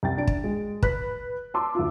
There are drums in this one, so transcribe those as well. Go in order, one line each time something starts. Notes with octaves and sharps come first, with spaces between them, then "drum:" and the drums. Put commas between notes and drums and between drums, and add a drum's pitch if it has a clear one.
C2 G5 A6
D4 D7
drum: kick
G#3
B4 F#6 B6, drum: kick
A5 C6 D6 E6
D2 F4